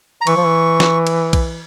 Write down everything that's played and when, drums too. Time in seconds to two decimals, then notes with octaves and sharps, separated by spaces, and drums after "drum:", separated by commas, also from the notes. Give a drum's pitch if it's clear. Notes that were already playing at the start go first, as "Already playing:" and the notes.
0.21 A#5
0.27 E3 C#6, drum: cymbal
0.36 F3
0.45 E3
0.80 drum: snare
1.07 drum: cymbal
1.33 drum: kick B1, cymbal